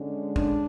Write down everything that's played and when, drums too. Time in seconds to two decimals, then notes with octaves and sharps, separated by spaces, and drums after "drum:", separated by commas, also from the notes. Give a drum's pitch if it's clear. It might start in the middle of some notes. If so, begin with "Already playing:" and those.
Already playing: D3 G#3 C#4
0.36 D4, drum: kick